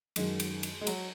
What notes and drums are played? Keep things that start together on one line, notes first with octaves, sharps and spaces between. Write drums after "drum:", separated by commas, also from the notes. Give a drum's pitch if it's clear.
F#2 D#3 F#3 G#3, drum: cymbal
drum: cymbal
drum: cymbal
G#3
F#3, drum: cymbal